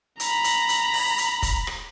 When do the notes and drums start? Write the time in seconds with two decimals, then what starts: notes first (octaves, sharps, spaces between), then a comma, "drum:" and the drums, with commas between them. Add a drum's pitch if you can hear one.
0.20 A#5 B5, drum: hi-hat
0.44 drum: hi-hat
0.69 drum: hi-hat
0.93 drum: open hi-hat
1.18 drum: hi-hat
1.43 drum: kick, hi-hat
1.67 drum: rim click